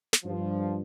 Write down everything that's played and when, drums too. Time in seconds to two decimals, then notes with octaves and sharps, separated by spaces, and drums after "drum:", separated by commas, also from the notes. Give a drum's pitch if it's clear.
0.13 drum: snare
0.25 G2 F3